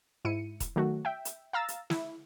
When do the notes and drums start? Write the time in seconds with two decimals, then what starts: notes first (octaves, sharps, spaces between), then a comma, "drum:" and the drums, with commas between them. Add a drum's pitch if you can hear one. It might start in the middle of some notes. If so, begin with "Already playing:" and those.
0.25 G#2 E4 C#7 D#7
0.60 drum: kick E1, hi-hat
0.76 D#3 F#3 A3 F#4
1.05 E5 G5
1.25 drum: hi-hat
1.53 F5 A#5 E6 A6
1.68 drum: hi-hat
1.90 E4, drum: snare